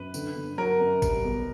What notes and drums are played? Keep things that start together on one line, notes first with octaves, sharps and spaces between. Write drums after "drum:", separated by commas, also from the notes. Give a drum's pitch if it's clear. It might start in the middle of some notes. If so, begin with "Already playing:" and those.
Already playing: F#2 B4
D3, drum: tambourine
G1
F#3 A#4
F#2
G3, drum: kick G#1, tambourine
B1